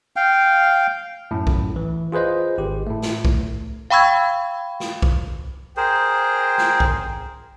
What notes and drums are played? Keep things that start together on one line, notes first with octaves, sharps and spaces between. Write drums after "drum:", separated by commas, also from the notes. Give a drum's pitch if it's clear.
F5 G5
F#2 A2
drum: kick A#1
E3
F4 G#4 B4 C5 D#5
G#1 G4
A2 A3
drum: snare
drum: kick A#1
F5 G5 B5 C#6 E6 G#6
drum: snare
drum: kick A#1
G#4 A#4 C5 G5
drum: snare
drum: kick A#1